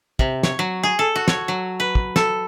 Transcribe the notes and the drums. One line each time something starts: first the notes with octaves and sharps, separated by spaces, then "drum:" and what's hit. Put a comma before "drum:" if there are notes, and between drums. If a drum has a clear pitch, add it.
C3, drum: kick
C#5, drum: snare
F#3
G#4
A4
F#4
C#5, drum: snare
F#3
B4
drum: kick
A4, drum: snare